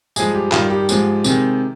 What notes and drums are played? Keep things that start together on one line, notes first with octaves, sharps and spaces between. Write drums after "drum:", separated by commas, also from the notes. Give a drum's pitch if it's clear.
G2 F3 G#3 G#4, drum: tambourine
G4
G2 D#3 G3 F4, drum: clap
G4
G#2 F3 G#3, drum: tambourine
C3 D#3 G#3, drum: tambourine